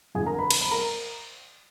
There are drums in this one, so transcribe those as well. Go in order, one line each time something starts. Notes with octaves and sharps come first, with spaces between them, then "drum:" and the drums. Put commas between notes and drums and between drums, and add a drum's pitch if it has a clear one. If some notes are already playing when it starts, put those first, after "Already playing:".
F2 D3 F3 G#4 G#5
A#4 A#5
B4 B5
A#5, drum: cymbal
B5
A#4 A#5